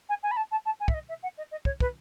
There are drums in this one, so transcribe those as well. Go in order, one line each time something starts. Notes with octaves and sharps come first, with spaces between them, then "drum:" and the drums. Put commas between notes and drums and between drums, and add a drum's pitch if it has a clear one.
G#5
G#5
B5
A5
A5
A5
G#5
E5, drum: kick
D#5
E5
F#5
D#5
D#5
C#5, drum: kick
B4, drum: kick